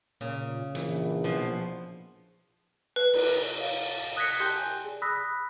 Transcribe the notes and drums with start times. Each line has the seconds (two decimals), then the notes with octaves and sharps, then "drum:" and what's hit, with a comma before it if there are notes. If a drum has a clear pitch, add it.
0.21 A#2 C#3
0.75 A#1 E3, drum: hi-hat
1.24 B2 F3
2.96 B4
3.14 drum: cymbal
3.58 C#5 F5
4.16 D#6 F#6 G#6 A#6 B6 C#7
4.40 G4 G5 A5 C6 F#6 G6
4.58 G#5
4.84 G#4 D5
5.02 B5 D#6 E6 F#6 A#6 B6